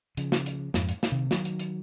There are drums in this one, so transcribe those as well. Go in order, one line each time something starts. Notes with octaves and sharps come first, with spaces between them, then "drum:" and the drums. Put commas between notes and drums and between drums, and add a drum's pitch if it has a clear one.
C#3 F3, drum: hi-hat
drum: snare
drum: hi-hat
F2 G#2, drum: snare
drum: hi-hat
drum: snare
C3 D#3
D#3 F#3, drum: snare
drum: hi-hat
drum: hi-hat